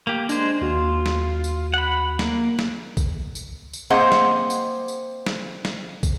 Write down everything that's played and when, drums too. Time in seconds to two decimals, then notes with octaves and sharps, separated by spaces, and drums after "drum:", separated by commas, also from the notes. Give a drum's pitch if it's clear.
0.07 A#3 G4
0.29 G#3 D4 C5, drum: tambourine
0.61 D#2 F4 F#4
1.06 drum: snare
1.44 drum: tambourine
1.74 F#5 B5
2.19 A#3, drum: snare
2.59 drum: snare
2.97 drum: kick, tambourine
3.35 drum: tambourine
3.73 drum: tambourine
3.90 A#3 C4 G#4 C5 D#5 F#5
4.12 drum: snare
4.50 drum: tambourine
4.88 drum: tambourine
5.26 drum: snare
5.65 drum: snare
6.03 drum: kick, tambourine